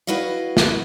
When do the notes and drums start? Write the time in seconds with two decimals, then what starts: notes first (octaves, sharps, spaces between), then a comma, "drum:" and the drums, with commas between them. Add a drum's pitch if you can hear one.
0.07 E4 F#4 B4 D#5 F5
0.57 drum: snare